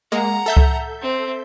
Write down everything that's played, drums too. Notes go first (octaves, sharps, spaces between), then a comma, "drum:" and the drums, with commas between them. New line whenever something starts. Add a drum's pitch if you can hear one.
G#3 A#3 F#5 A#5
A4 E5 G6
drum: kick C#2
C4